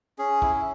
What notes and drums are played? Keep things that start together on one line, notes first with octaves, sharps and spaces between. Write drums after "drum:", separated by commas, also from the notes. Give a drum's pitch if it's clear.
C#4 G#4
E4, drum: kick